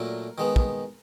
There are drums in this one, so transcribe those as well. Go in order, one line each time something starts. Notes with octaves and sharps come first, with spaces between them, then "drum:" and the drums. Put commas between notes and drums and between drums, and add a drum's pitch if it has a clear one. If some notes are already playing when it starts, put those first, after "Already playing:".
Already playing: A#2 F#3 A3 D4 A#4
D#3 G#3 B3
drum: kick